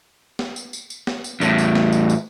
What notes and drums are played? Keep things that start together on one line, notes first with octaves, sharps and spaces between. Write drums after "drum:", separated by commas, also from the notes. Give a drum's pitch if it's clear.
drum: snare
drum: tambourine
drum: tambourine
drum: tambourine
drum: snare
drum: tambourine
E2 A2, drum: tambourine
drum: tambourine
drum: snare
drum: tambourine
drum: tambourine